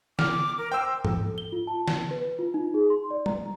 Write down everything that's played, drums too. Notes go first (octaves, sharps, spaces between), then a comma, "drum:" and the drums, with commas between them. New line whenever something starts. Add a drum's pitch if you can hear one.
D6 F6, drum: snare
A#4
C5 G5 E6
A4, drum: tom
G7
F4
A5
drum: snare
B4
F4
D#4
G#4
C6
D5
A#5, drum: tom